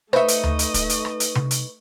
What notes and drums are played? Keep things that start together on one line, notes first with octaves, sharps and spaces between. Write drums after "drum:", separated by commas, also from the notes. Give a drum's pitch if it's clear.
A3 D#4 B4 C5 D#5 E5 C#6, drum: rim click
drum: hi-hat
drum: tom D2
drum: hi-hat
drum: kick, hi-hat
drum: hi-hat
drum: rim click
drum: hi-hat
drum: tom C3
drum: hi-hat